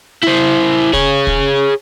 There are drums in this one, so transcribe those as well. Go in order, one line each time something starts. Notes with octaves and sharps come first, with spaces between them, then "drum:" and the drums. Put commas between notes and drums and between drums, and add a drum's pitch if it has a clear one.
E4 C5
G#4 C#5, drum: kick
drum: kick